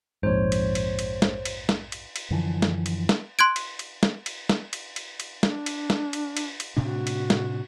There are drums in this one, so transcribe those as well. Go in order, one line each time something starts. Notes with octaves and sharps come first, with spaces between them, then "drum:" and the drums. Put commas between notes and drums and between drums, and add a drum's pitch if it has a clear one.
A#1 F2 G#2 C5 C#5
drum: cymbal
drum: cymbal
drum: cymbal
drum: snare
drum: cymbal
drum: snare
drum: cymbal
drum: cymbal
F#2 D3 E3 F3
drum: snare
drum: cymbal
drum: snare
C6 F#6 G#6 D7
drum: cymbal
drum: cymbal
drum: snare
drum: cymbal
drum: snare
drum: cymbal
drum: cymbal
drum: cymbal
D4, drum: snare
drum: cymbal
drum: snare
drum: cymbal
drum: cymbal
drum: cymbal
A2 C3 D4 F#4
drum: cymbal
drum: snare